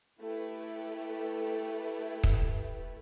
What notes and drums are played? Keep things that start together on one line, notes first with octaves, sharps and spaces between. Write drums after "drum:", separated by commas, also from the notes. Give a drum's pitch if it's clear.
A3 E4 G4 B4
drum: kick